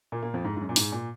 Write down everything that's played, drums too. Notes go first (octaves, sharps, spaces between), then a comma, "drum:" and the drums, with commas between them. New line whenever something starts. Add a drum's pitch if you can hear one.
A#2 A#3
A#2 A#3
F2 F3
G#2
G#2
F#2
A#2
G#2, drum: open hi-hat
A#2